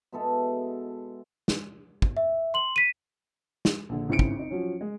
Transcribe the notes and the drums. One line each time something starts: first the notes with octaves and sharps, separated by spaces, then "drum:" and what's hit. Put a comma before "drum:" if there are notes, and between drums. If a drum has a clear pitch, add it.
B2 G#3 E4 A4
drum: snare
drum: kick
E5
C6 F#7
B6 D#7
drum: snare
A#1 D3
G#1 C#3 E4 C#7 D7
drum: kick
C4 D#4
F3 F#3 C#4
G#3